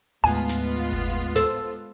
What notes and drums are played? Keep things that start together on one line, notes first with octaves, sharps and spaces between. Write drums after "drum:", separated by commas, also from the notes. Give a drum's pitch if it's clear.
D#2 A2 G#3 A3 B3 F4 G#5
drum: open hi-hat
drum: snare
drum: hi-hat
drum: kick G1, hi-hat
drum: open hi-hat
A4 C5, drum: snare
drum: hi-hat